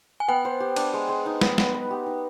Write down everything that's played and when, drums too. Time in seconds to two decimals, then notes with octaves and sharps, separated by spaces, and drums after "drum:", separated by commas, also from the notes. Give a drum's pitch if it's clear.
0.20 G#5
0.28 B3 G5
0.45 C5
0.60 G4
0.76 D4, drum: cymbal
0.94 G#3
1.09 G#3
1.26 D#4
1.41 B3, drum: snare
1.58 B3, drum: snare
1.74 B4
1.91 G4
2.06 D#4